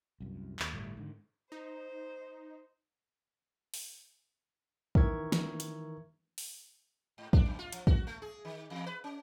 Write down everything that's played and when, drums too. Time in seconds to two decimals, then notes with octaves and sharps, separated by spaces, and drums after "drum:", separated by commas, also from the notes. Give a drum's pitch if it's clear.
0.20 C2 F#2
0.59 D#2, drum: clap
0.73 G1 A2 G3 A3
0.97 G#2 D3 D#3
1.52 D#4 C5
3.74 drum: open hi-hat
4.95 D#3 E3 A#4 E5 C#6 G#6, drum: kick
5.32 drum: snare
5.60 drum: hi-hat
6.38 drum: open hi-hat
7.18 G#2
7.33 D4, drum: kick
7.46 F#2
7.59 F4
7.72 F3, drum: hi-hat
7.87 F#4, drum: kick
8.07 A3
8.22 G#4
8.45 D#3
8.70 E2
8.86 B4
9.04 C#4